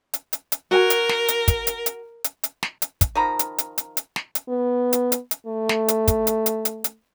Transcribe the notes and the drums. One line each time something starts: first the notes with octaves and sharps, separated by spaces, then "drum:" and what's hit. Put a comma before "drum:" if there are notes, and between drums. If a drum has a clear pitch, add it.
drum: hi-hat
drum: hi-hat
drum: hi-hat
F#4 A#4 G#5
drum: hi-hat
drum: snare
drum: hi-hat
drum: kick, hi-hat
drum: hi-hat
drum: hi-hat
drum: hi-hat
drum: hi-hat
drum: snare
drum: hi-hat
drum: kick, hi-hat
D#3 F3 A#5 B5
drum: hi-hat
drum: hi-hat
drum: hi-hat
drum: hi-hat
drum: snare
drum: hi-hat
B3
drum: hi-hat
drum: hi-hat
drum: hi-hat
A3
drum: snare
drum: hi-hat
drum: kick, hi-hat
drum: hi-hat
drum: hi-hat
drum: hi-hat
drum: hi-hat